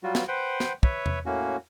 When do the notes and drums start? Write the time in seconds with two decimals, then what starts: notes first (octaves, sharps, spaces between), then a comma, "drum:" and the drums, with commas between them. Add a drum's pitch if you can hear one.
0.03 F#3 G3 F4 F#4
0.15 drum: snare
0.28 B4 C5 F#5 G5
0.60 drum: snare
0.83 B4 C#5 E5, drum: kick
1.06 drum: tom E2
1.26 A2 A#3 C#4 F#4